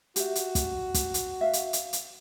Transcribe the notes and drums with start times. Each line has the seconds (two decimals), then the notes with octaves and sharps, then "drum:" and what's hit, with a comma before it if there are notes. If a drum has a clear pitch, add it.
0.16 F#4 G4 E5, drum: hi-hat
0.35 drum: hi-hat
0.55 drum: kick, hi-hat
0.94 drum: kick, hi-hat
1.14 drum: hi-hat
1.41 E5 F5
1.53 drum: hi-hat
1.73 drum: hi-hat
1.93 drum: hi-hat